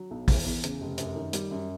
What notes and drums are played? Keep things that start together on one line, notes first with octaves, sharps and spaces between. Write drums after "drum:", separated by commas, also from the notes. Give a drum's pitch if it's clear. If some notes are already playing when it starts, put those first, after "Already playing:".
Already playing: F#3
B1
E3, drum: kick, open hi-hat
E2
C#3, drum: hi-hat
F1
F#2, drum: hi-hat
D#3
G3, drum: hi-hat
F#2